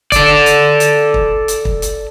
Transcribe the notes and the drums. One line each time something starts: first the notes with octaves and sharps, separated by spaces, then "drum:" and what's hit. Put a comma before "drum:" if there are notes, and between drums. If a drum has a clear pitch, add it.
A4 D5, drum: kick, hi-hat
drum: hi-hat
drum: hi-hat
drum: kick
drum: hi-hat
drum: kick
drum: hi-hat